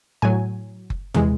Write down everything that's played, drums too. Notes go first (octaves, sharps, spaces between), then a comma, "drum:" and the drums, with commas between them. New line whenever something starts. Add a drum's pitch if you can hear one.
A2 F#3 G#5
drum: kick F#1
C3 E3 G#3, drum: tom